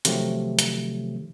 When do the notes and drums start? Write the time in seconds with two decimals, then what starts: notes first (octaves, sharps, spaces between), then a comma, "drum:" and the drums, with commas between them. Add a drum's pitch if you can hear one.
0.05 C3 D#3 F3 F#3 A3 C4, drum: hi-hat
0.59 drum: hi-hat